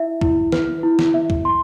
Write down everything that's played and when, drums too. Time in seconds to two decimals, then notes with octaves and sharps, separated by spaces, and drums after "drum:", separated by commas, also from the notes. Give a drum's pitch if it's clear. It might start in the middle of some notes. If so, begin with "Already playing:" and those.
Already playing: E4 E5
0.21 E4, drum: kick C2
0.52 B4, drum: snare
0.83 E4
0.99 drum: snare
1.14 E5
1.30 drum: kick C2
1.45 C6